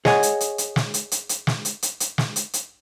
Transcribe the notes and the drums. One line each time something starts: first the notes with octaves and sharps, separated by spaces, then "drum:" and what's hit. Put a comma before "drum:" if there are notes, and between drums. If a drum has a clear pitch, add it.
G#4 C#5 D#5 F#5 G#5, drum: snare
drum: hi-hat
drum: hi-hat
drum: hi-hat
drum: snare
drum: hi-hat
drum: hi-hat
drum: hi-hat
drum: snare
drum: hi-hat
drum: hi-hat
drum: hi-hat
drum: snare
drum: hi-hat
drum: hi-hat